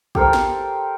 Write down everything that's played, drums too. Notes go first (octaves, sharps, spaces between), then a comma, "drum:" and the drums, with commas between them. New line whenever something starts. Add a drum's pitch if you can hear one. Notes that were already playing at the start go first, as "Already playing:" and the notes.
G4 A4 A#4 C5, drum: kick
drum: snare